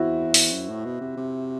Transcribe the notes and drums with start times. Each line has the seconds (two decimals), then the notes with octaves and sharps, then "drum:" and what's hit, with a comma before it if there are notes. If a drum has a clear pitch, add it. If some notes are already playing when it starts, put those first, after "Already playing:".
Already playing: E2 C4 E4 F#4
0.34 drum: open hi-hat
0.52 F#2
0.69 A2
0.85 B2
1.01 C3
1.17 C3